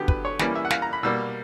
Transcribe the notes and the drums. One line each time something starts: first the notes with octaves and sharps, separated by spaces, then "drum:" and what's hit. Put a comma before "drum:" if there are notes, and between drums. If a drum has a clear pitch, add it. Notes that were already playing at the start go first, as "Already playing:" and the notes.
Already playing: D3 F#3 B3 G4
B4, drum: kick
C#5
E3 G3 A#3 C#4 D5, drum: snare
E5
F#5
F5, drum: snare
A#5
B5
B2 G3 A#3 E6